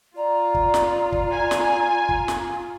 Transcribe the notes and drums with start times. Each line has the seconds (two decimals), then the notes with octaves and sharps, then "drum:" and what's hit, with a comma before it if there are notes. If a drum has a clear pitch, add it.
0.17 F4 D5 A#5
0.54 drum: kick
0.74 drum: snare
1.12 drum: kick
1.32 G#5
1.51 drum: snare
2.09 drum: kick
2.28 drum: snare